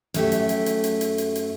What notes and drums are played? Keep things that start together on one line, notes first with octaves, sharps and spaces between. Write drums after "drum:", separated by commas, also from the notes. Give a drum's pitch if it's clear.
F#2 A3 G4, drum: hi-hat
drum: hi-hat
drum: hi-hat
drum: hi-hat
drum: hi-hat
drum: hi-hat
drum: hi-hat
drum: hi-hat